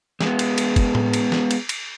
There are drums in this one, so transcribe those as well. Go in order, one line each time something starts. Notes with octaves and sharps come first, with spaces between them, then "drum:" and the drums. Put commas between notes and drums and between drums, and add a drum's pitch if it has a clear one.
G#3 B3, drum: snare
drum: cymbal
drum: cymbal
drum: kick, cymbal
drum: tom A2
drum: cymbal
drum: snare
drum: cymbal
drum: cymbal